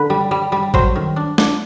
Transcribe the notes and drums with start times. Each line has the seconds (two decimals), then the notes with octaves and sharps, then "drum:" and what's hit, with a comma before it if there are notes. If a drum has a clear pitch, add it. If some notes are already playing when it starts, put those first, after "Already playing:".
Already playing: D3 B4
0.10 G3
0.31 G3
0.52 G3
0.74 F#3 C5, drum: kick G#1
0.96 D#3
1.16 D4
1.38 D4, drum: snare